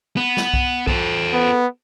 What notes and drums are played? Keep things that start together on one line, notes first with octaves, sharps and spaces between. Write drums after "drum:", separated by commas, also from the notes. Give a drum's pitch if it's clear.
B3
drum: snare
drum: kick B1
A4 C5, drum: kick B1
B3